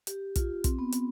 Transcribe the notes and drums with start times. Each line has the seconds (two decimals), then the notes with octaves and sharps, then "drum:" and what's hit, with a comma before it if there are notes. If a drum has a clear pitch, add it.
0.07 G4, drum: hi-hat
0.36 F4, drum: kick, hi-hat
0.64 C4, drum: kick, hi-hat
0.79 B3
0.93 drum: hi-hat